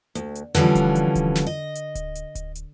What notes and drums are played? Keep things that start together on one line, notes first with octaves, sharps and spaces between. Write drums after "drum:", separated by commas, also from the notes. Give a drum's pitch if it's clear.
D2, drum: hi-hat
drum: hi-hat
D3 E3 F3 G3 C#4, drum: snare
drum: kick D1, hi-hat
drum: hi-hat
drum: kick D1, hi-hat
drum: snare
D#5
drum: hi-hat
drum: kick D1, hi-hat
drum: hi-hat
drum: kick D1, hi-hat
drum: hi-hat